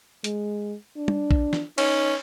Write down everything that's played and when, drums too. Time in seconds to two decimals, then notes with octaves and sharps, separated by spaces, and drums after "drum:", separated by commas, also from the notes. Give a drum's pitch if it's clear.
0.24 G#3, drum: hi-hat
0.96 D4
1.08 drum: tom
1.31 drum: kick
1.53 drum: snare
1.78 C#4 D#4, drum: cymbal